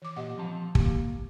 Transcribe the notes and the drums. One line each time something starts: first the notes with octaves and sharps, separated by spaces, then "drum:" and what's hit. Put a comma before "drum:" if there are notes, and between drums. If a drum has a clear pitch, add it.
E3 D6
A#2 G4 D#5 F#5
F3 C4 A5
A#3 G4, drum: kick